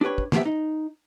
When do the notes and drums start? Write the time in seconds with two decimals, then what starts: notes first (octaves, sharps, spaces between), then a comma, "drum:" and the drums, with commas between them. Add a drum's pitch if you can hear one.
0.01 D4 G4 G#4 B4 C#5
0.18 drum: kick
0.32 E2 F3 A#3 B3 G4 E5, drum: snare
0.45 D#4